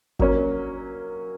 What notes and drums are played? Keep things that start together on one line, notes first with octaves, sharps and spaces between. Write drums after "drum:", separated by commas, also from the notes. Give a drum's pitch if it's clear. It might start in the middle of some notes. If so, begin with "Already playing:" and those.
F#3 A#3 C#4, drum: kick G#1